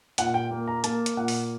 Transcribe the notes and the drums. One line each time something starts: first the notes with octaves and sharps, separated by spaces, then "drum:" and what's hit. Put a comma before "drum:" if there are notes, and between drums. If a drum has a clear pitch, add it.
A#2 F#5, drum: hi-hat
G5
A#3
A#5
A#3 A5, drum: hi-hat
drum: hi-hat
A#2 F#5
drum: open hi-hat